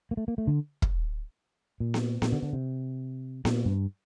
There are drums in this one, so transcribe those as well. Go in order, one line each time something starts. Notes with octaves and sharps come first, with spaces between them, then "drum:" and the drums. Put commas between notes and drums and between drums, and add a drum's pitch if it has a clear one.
A#3
A3
A#3
A3
D3
drum: kick
A#2
drum: snare B3
A#2, drum: snare B3
D3
D3
C3
A#2, drum: snare B3
G2